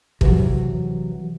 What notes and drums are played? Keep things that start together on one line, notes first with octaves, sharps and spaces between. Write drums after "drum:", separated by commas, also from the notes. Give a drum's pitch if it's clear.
C3 E3 F#3, drum: kick